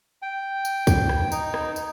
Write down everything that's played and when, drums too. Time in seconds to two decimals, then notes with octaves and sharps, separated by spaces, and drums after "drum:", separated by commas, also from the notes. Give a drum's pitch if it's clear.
0.22 G5
0.65 drum: tambourine
0.87 drum: kick, tambourine
1.09 drum: rim click
1.32 D#4, drum: tambourine
1.54 drum: rim click
1.76 drum: tambourine